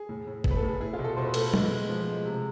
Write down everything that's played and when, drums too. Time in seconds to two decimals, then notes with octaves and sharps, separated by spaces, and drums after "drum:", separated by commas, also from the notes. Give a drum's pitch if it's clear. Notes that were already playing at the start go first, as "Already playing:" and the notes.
Already playing: G#4
0.09 A2
0.27 A2
0.44 B3, drum: kick
0.51 B4
0.57 A4
0.62 A2
0.68 G#4
0.80 E4 G#4
0.93 F4
0.99 B2
1.04 A4
1.16 B2 C5
1.25 B4
1.34 A3 A4, drum: cymbal
1.41 B4
1.54 G#3, drum: tom F#3
1.71 G#3
1.89 F3
2.08 G#3
2.25 C3